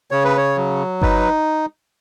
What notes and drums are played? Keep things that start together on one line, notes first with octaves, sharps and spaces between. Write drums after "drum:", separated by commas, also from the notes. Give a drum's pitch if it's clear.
C#3 C#5
B4
C#5
F#3
D#4 B4, drum: kick G1